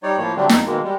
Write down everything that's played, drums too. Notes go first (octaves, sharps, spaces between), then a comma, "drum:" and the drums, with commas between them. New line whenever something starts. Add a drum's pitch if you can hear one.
G3 D#4 C#5 D5
A2 F3 A#3 C#5
D3 F#3 G3 A3 C4 D4
F2 D#4, drum: snare
B2 D#3 G#3 A#3
G3 G#3